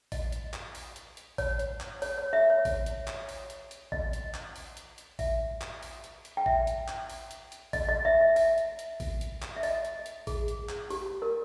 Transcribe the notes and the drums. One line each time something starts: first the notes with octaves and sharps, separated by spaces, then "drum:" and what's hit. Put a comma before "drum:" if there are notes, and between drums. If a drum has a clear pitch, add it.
D#5, drum: kick A1, open hi-hat
drum: hi-hat
drum: clap
drum: open hi-hat
drum: hi-hat
drum: hi-hat
C#5, drum: kick A1, open hi-hat
drum: hi-hat
drum: clap
C#5, drum: open hi-hat
C#5
E5
C#5
drum: kick A1, open hi-hat
drum: hi-hat
drum: clap
drum: open hi-hat
drum: hi-hat
drum: hi-hat
D#5, drum: kick A1
drum: hi-hat
drum: clap
drum: open hi-hat
drum: hi-hat
drum: hi-hat
E5, drum: kick A1, open hi-hat
drum: clap
drum: open hi-hat
drum: hi-hat
drum: hi-hat
G5
E5, drum: kick A1
drum: hi-hat
drum: clap
drum: open hi-hat
drum: hi-hat
drum: hi-hat
D#5, drum: kick A1, open hi-hat
D#5
E5
E5
E5, drum: open hi-hat
drum: hi-hat
drum: hi-hat
drum: kick A1, open hi-hat
drum: hi-hat
drum: clap
E5
D#5, drum: open hi-hat
drum: hi-hat
drum: hi-hat
G#4, drum: kick A1, open hi-hat
drum: hi-hat
drum: clap
G4, drum: open hi-hat
G4
A#4